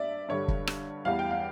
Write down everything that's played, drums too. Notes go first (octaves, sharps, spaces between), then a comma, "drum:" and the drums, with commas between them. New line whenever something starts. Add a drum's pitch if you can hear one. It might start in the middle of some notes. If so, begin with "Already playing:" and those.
Already playing: G2 D5 E5
G2 D3 G3 C#5
drum: kick
drum: rim click
E2 E3 G3 F5
G5
F5